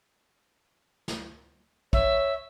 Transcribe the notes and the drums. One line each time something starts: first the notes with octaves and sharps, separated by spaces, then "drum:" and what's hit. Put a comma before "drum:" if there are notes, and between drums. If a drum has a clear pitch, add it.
drum: snare
C#5 E5, drum: kick